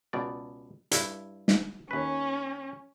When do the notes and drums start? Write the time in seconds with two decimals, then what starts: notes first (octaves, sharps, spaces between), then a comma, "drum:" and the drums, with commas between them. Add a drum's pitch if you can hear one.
0.13 C#2 B2 D5
0.91 G2 E4, drum: hi-hat
1.48 drum: snare
1.91 D#2 C#4 B4